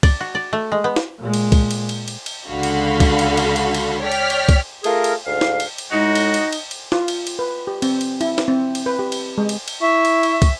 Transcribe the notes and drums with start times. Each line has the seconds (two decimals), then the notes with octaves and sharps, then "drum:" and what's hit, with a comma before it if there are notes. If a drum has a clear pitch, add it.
0.03 D5, drum: kick, cymbal
0.20 F#4
0.35 D5
0.53 A3
0.72 G#3
0.84 B3
0.96 drum: snare
1.18 A#2 G#3
1.34 drum: cymbal
1.52 drum: kick, cymbal
1.71 drum: cymbal
1.89 drum: cymbal
2.08 drum: cymbal
2.26 drum: cymbal
2.49 C#2 D3 F#4 F5 B5 C6
2.63 drum: cymbal
3.00 drum: kick, cymbal
3.19 drum: cymbal
3.37 drum: cymbal
3.56 drum: cymbal
3.74 drum: cymbal
4.01 C#5 D5 G5 F6 B6
4.12 drum: cymbal
4.30 drum: cymbal
4.49 drum: kick, cymbal
4.84 A3 F4 G#4 A#4, drum: cymbal
5.04 drum: cymbal
5.26 D2 G#2 F5
5.41 drum: snare
5.60 drum: cymbal
5.78 drum: cymbal
5.92 A2 G#3 D#4 F#4 D#5
6.15 drum: cymbal
6.34 drum: cymbal
6.53 drum: cymbal
6.71 drum: cymbal
6.92 F4, drum: snare
7.08 drum: cymbal
7.27 drum: cymbal
7.39 B4
7.67 G4
7.82 C4, drum: cymbal
8.01 drum: cymbal
8.21 E4, drum: cymbal
8.38 drum: snare
8.48 C4
8.75 drum: cymbal
8.86 B4
8.99 G4
9.12 drum: cymbal
9.38 G#3
9.49 drum: cymbal
9.68 drum: cymbal
9.81 E4 E5 C#6
10.05 drum: cymbal
10.23 drum: cymbal
10.42 drum: kick, cymbal